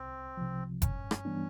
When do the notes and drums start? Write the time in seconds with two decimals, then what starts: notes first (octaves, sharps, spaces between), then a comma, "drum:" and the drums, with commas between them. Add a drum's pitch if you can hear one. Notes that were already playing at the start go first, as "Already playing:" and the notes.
Already playing: C2 C4
0.37 C3 F3
0.82 G2 C#4, drum: kick F#1, hi-hat
1.11 drum: rim click
1.25 E3 G3 B3 D4